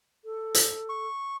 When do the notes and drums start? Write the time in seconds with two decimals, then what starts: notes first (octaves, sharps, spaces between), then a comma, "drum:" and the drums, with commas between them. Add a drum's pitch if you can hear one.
0.25 A4
0.54 drum: hi-hat
0.89 C#6